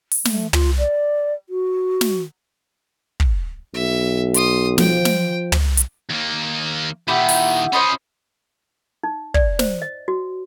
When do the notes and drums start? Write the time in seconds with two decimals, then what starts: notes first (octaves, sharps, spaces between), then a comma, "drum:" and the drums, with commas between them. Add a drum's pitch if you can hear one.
0.12 drum: open hi-hat
0.25 A3, drum: snare
0.53 F4, drum: tom
0.78 D5
1.49 F#4
2.01 drum: snare
3.20 drum: kick
3.74 B1 E5
4.34 C6 D#6, drum: hi-hat
4.78 F3 G5, drum: snare
5.05 drum: snare
5.52 drum: tom
5.77 drum: hi-hat
6.10 D#2 A#3
7.08 A#2 D#3 E4 G4 F#5
7.29 drum: open hi-hat
7.73 C#4 F4 C5 D#5 B5
9.03 D#4
9.34 D5, drum: kick
9.59 C5, drum: snare
9.82 D#5
10.08 F#4